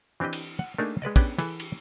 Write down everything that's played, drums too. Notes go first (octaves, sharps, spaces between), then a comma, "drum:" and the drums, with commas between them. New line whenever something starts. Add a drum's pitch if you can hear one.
E3 C4 D4 G4 D#5
drum: cymbal
F#5
A3 A#3 D4 D#4 G#4 A#4
G#3 B4 D5 D#5
B3 C#4 D4 G4 G#4, drum: kick, cymbal
E3 G#4 A4, drum: cymbal
drum: cymbal